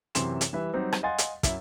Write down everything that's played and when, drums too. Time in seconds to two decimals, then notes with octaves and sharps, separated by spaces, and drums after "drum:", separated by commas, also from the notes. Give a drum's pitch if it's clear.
0.15 F#2 C3 E3 C6 E7, drum: hi-hat
0.41 drum: hi-hat
0.53 E3 G3 B4 E5
0.73 F#3 G3 C4 D#4 F#4 G4
0.92 drum: rim click
1.03 D#5 F5 F#5 G#5 C6 A6
1.18 drum: hi-hat
1.43 F#2 E4 E5, drum: kick, hi-hat